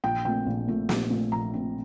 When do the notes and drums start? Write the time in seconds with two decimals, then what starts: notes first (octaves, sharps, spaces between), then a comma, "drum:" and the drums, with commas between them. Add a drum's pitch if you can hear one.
0.04 A#1 G5
0.25 A#2 A3 C4 G5
0.46 A#1
0.68 A#2 A3 C4
0.89 A#1, drum: snare
1.10 A#2 A3 C4
1.32 A#1 A#5
1.54 A#2 A3 C4